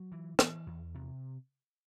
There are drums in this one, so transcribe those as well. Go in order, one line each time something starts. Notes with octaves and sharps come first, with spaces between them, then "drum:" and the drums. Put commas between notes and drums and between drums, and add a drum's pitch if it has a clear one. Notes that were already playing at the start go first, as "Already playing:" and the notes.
Already playing: F#3
E3
E3, drum: rim click
E2
C3